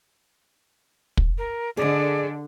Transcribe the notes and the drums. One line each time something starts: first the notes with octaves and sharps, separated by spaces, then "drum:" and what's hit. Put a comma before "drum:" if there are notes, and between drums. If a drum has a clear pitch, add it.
drum: kick
A#4
D3 G#4 D5 D#5